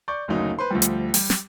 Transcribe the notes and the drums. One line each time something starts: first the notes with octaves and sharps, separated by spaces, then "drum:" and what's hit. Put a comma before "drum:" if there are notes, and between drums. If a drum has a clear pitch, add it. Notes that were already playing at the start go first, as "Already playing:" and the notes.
D5 C#6 G6
F#1 D2 C#3 F#3 D#4
B4 C5 C6
D2 F3 G3
drum: hi-hat
G3, drum: open hi-hat
drum: snare